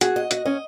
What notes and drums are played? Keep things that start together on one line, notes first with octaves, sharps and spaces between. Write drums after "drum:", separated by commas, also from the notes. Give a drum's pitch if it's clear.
F#4 G#4, drum: hi-hat
D#5
F#4 D#5, drum: hi-hat
C#4 D#5